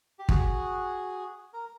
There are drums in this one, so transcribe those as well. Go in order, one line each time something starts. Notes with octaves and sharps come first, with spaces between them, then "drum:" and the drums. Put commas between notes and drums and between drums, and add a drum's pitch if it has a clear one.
G4
F#4 G#4, drum: kick
A#4